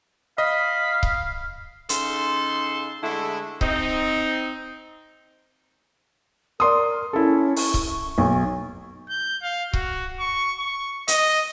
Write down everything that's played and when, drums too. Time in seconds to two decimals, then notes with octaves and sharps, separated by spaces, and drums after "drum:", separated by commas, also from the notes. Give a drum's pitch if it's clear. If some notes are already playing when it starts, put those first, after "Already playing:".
0.38 D#5 F5 B5
1.03 drum: kick C#1
1.89 C#3 D#4 A4 C6, drum: hi-hat
3.02 D3 G#3 A3 E4
3.61 C4 D#4, drum: kick C#1
6.60 A#4 D5 C6 D#6
7.13 C#4 E4 A4
7.56 C#6, drum: open hi-hat
7.74 drum: kick C#1
8.18 B1
9.09 G6
9.42 F5
9.73 F#4, drum: kick C#1
10.20 C#6
10.58 C#6
11.08 D#5, drum: hi-hat